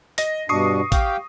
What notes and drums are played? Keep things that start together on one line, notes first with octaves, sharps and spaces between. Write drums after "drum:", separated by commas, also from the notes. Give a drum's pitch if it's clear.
D#5 A#6, drum: hi-hat
G2 B2 D4 C#6 D#6 C7
G4 F5 G5, drum: kick, hi-hat